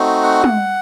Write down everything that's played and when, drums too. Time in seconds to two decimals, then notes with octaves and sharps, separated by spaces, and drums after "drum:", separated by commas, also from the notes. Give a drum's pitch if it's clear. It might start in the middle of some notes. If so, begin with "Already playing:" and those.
Already playing: A3 C4 D#4 F#4
0.23 F#5
0.44 drum: tom